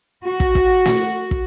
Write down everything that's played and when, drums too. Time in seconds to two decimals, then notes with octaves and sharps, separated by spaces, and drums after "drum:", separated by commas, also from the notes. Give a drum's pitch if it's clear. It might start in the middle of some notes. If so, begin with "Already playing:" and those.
0.25 F#4
0.40 drum: kick
0.55 drum: kick
0.86 drum: snare
1.31 drum: kick